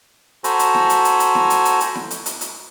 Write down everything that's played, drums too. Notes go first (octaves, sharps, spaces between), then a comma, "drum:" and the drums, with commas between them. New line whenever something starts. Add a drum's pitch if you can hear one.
F#4 A4 C5 G#5 A#5 B5, drum: hi-hat
drum: hi-hat
drum: snare E4
drum: hi-hat
drum: hi-hat
drum: hi-hat
drum: snare E4
drum: hi-hat
drum: hi-hat
drum: hi-hat
drum: snare E4
drum: hi-hat
drum: hi-hat
drum: hi-hat